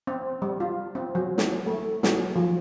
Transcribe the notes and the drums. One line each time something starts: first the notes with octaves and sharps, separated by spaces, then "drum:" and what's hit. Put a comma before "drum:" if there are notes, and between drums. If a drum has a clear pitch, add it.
C4
G3
F4
C4
F#3
drum: snare
A3
F#3, drum: snare
F3